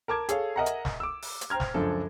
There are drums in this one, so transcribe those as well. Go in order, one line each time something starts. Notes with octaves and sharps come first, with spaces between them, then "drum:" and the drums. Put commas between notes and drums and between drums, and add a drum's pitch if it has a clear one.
A#4 A5 D6 G#6
G#4 A4 C#5 F5, drum: hi-hat
A#4 D#5 E5 F#5 G#5 A#5
drum: hi-hat
drum: snare
D6 E6
drum: open hi-hat
drum: hi-hat
C5 G5 A#5 F6 G#6
drum: snare
C#2 F#2 F3 D4 A4